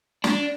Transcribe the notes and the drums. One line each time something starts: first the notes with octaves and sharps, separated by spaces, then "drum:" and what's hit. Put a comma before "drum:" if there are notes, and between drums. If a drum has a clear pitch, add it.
D4, drum: snare